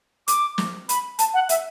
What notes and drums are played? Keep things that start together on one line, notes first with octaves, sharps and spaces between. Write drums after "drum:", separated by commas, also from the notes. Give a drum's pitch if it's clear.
D6, drum: hi-hat
drum: snare
B5, drum: hi-hat
A5, drum: hi-hat
F#5
E5, drum: hi-hat